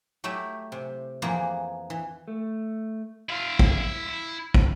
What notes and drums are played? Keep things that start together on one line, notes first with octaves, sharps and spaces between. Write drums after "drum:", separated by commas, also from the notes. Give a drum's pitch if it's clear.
F#3 A3 E4 G4 E5
C3
F2 E3 A#3 B3 G#4
E3
A3
E4 F5
drum: kick
drum: kick